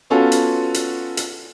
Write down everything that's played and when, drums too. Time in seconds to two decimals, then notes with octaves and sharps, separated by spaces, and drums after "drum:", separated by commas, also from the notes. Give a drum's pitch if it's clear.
0.10 B3 C#4 F4 F#4 A4
0.32 drum: hi-hat
0.74 drum: hi-hat
1.17 drum: hi-hat